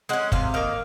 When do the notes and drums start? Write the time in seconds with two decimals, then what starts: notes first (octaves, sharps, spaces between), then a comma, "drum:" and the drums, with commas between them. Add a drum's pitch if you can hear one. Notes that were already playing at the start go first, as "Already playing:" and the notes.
0.09 G#3 C#4 F#5
0.32 C3 F5, drum: kick
0.54 D#3 A#3 F5